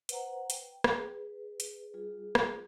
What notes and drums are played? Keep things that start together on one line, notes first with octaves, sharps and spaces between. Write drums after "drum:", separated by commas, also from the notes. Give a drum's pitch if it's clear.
B4 C5 F#5 A#5, drum: hi-hat
G5, drum: hi-hat
drum: rim click
G#4 B4
drum: hi-hat
G3 F4 G#4
drum: rim click